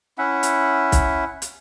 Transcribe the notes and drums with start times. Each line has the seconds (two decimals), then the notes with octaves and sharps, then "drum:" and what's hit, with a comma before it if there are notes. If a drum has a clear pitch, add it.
0.18 C#4 E4 E5 F#5
0.43 drum: hi-hat
0.92 drum: kick B1, hi-hat
1.42 drum: hi-hat